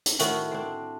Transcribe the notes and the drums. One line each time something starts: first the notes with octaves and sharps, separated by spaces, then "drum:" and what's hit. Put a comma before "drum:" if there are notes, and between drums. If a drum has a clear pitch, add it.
drum: hi-hat
A2 D#3 A3 F#4, drum: hi-hat
C4 D4